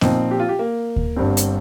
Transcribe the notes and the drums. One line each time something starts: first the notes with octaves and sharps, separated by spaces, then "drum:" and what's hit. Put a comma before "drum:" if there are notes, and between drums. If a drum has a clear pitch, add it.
A#2 F3 C4 D#4, drum: snare B3
G4
F4
G4
A#3
drum: kick D2
G1 G2 G3 C4
drum: hi-hat